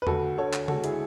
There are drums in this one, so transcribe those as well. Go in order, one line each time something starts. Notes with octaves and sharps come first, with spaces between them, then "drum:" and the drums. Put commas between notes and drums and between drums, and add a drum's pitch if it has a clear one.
B4
D2 F#4 A4, drum: tom E2
D3 A4 C#5
drum: clap
G#3 F#4 A4, drum: tom C#3
E4 G#4, drum: hi-hat